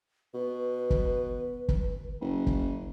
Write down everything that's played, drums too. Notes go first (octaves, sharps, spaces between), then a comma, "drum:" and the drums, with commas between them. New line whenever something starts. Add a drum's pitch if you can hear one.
B2 B4
drum: kick
drum: kick
F#1
drum: kick